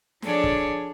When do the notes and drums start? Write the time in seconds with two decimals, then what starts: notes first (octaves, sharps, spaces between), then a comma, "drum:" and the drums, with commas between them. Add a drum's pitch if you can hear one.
0.22 F3 D4 G#4 A4 C#5 D5, drum: snare
0.44 drum: kick